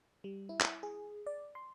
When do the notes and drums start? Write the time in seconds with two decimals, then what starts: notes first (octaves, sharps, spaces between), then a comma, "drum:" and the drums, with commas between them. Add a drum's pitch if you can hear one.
0.24 G3
0.49 E4
0.61 drum: clap
0.83 G#4
1.27 D5
1.55 C6